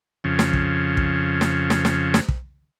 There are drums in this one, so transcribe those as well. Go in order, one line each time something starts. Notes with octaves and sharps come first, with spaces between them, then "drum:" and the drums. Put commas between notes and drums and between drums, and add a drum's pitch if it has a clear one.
F2 C#3
drum: snare
drum: kick
drum: kick
drum: snare
drum: snare
drum: snare
drum: snare
drum: kick